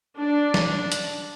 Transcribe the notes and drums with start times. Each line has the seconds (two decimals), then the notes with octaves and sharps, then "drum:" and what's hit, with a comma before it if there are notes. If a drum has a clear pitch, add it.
0.17 D4
0.54 drum: snare
0.92 drum: hi-hat